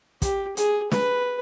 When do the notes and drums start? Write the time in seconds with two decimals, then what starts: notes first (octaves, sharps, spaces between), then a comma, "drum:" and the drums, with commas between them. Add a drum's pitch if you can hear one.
0.22 G4, drum: kick, hi-hat
0.57 G#4, drum: hi-hat
0.92 B4, drum: snare